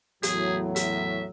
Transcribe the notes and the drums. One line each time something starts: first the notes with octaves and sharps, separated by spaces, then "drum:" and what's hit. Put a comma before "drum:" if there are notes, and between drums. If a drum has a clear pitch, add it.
E2 A2 F#3 G#4, drum: hi-hat
E5, drum: hi-hat